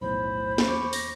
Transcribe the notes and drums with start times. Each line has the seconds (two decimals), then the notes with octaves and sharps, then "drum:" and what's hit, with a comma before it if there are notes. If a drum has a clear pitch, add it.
0.01 B1 E2 A2 C5 B5
0.58 drum: snare
0.68 E2 C#6 D6
0.93 A#6, drum: open hi-hat